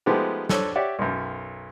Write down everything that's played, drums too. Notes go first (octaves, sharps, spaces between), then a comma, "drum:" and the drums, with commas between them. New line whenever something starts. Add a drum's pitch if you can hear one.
F3 G#3 A3 B3 D#4 G4
D4 A4 C5 C#5, drum: snare
G4 C#5 D5 E5 F#5
B1 F#2